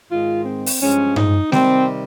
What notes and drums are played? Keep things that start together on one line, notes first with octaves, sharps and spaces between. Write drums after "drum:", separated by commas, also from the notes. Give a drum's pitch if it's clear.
G#2 D#3 G#3 F4
C4
drum: open hi-hat
G2 F3 G#3 C#4
D#4, drum: tom G2
C3 D#3 G3 C4, drum: snare G#3